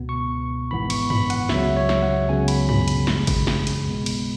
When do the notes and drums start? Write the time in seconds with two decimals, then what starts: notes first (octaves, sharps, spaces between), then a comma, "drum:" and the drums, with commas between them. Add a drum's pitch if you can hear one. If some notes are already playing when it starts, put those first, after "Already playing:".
Already playing: C#2 B2 B3
0.09 C#6
0.71 G#1 G#2 E3 B3 B5
0.90 C#6, drum: cymbal
1.10 B5, drum: tom
1.30 F#5, drum: cymbal
1.49 C#2 C#3 F#3 E5, drum: snare
1.77 C#5
1.89 drum: snare
2.03 F#5
2.29 C#2 C#3 F#3 B3 G#5
2.48 B5, drum: cymbal
2.69 B5, drum: tom
2.88 B5, drum: cymbal
3.07 G#1 F#2 C#3 E3 G#3 B5, drum: snare
3.27 drum: kick, cymbal
3.47 drum: snare
3.67 drum: cymbal
3.87 B1 B2 G#3 B3
4.06 drum: cymbal